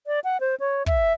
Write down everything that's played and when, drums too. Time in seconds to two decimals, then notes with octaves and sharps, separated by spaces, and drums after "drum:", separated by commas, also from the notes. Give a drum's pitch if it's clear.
0.07 D5
0.24 F#5
0.40 C5
0.60 C#5
0.86 E5, drum: kick